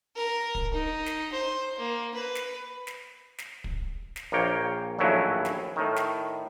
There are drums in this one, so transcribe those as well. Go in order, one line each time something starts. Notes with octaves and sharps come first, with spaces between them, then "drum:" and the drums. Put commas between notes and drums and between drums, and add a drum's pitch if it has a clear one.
A#4
drum: kick
D#4
drum: snare
C5
A#3
B4
drum: snare
drum: snare
drum: snare
drum: kick
drum: snare
A#1 A#3 C#5 G5
A#1 D#2 A2 F#3 C#4 E4
drum: snare
A2 D#3
drum: snare